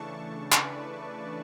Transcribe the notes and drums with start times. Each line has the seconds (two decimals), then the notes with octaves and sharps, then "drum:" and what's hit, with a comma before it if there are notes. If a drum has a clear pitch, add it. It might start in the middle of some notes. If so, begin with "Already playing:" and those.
Already playing: C#3 E3 A3 D4 A5 C#6
0.52 B4 D5, drum: clap